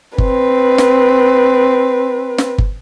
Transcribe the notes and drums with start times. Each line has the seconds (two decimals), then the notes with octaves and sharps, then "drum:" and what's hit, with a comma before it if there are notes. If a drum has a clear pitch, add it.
0.18 C4 B4, drum: kick G1
0.78 drum: snare
2.38 drum: snare
2.58 drum: kick G1